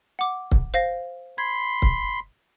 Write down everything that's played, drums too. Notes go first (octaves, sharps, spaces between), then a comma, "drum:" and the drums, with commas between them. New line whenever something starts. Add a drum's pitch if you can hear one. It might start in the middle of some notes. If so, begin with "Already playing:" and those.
F#5 D6
drum: kick C#1
C5 F5 A#6
B5 C6 G#6
drum: kick C#1